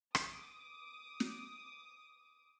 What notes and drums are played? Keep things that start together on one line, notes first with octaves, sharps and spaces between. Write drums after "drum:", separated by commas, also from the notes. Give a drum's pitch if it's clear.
D6 D#6, drum: rim click
drum: snare